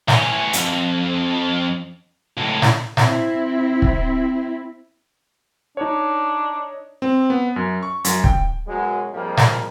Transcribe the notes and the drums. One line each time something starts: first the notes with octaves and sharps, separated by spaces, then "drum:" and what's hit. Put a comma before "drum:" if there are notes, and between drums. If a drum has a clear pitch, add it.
E3 C#4, drum: snare
F2, drum: hi-hat
C#2 A2
drum: snare
C4 E4, drum: snare
drum: kick
D4 D#4 C#5
C4
B3
F#2
C#6
F#2, drum: hi-hat
G5, drum: kick
F#2 B2 F#3 G#3
F2 G#2 F3 G3 G#3 A#3
drum: snare